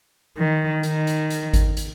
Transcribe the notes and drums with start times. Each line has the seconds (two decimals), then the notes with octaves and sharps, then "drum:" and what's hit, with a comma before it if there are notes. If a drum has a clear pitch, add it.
0.37 D#3
0.83 D#3, drum: hi-hat
1.07 drum: hi-hat
1.30 drum: hi-hat
1.54 drum: kick G#1, hi-hat
1.77 drum: hi-hat